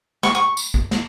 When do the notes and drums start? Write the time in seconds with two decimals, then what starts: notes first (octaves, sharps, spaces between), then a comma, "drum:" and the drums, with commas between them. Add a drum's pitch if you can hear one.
0.23 C#6, drum: snare
0.35 C#6
0.57 drum: tambourine
0.74 drum: kick
0.91 drum: snare